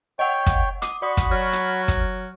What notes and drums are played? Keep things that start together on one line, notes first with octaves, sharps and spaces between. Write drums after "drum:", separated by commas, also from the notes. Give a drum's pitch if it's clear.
C#5 D#5 F#5 G5
drum: kick, hi-hat
D6 D#6, drum: hi-hat
F#4 D5 B5 D#6
drum: kick, hi-hat
F#3 F6
drum: hi-hat
drum: kick, hi-hat